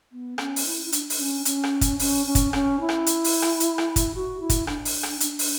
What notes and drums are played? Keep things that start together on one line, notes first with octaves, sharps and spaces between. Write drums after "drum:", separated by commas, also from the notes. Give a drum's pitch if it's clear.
B3
C#4, drum: rim click
drum: open hi-hat
E4
E4
D4, drum: hi-hat
drum: open hi-hat
C#4
C#4, drum: hi-hat
drum: rim click
drum: kick, hi-hat
C#4, drum: open hi-hat
C#4
drum: kick, hi-hat
C#4, drum: rim click
E4
drum: rim click
drum: hi-hat
drum: open hi-hat
drum: rim click
drum: hi-hat
drum: rim click
drum: kick, hi-hat
F#4
E4
drum: kick, hi-hat
D4, drum: rim click
drum: open hi-hat
drum: rim click
D4, drum: hi-hat
drum: open hi-hat